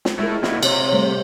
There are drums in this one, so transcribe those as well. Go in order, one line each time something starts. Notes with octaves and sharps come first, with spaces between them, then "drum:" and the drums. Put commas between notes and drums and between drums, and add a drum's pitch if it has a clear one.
drum: snare
G#3 A3 E4 A#4
A#2 E4 F#4, drum: snare
C3 C#5, drum: cymbal
G3 A3 C5